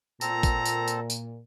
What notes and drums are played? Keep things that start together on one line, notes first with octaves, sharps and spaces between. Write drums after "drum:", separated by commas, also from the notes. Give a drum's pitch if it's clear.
A#2 C4 A4 A#5, drum: tambourine
drum: kick, tambourine
drum: tambourine
drum: tambourine
drum: tambourine